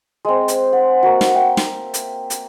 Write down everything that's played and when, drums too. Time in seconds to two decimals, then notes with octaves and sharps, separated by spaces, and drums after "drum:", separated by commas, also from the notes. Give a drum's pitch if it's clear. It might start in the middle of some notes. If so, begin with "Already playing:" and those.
0.25 G#3 C4
0.48 drum: hi-hat
0.73 F#5
1.03 A#3 F#4
1.21 drum: snare
1.34 E5 G5
1.57 drum: snare
1.94 drum: hi-hat
2.30 drum: hi-hat